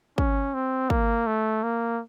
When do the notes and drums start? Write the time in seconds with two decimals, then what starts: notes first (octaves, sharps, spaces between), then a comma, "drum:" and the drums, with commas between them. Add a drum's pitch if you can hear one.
0.18 C#4, drum: kick
0.54 C4
0.90 A#3, drum: kick
1.27 A3
1.63 A#3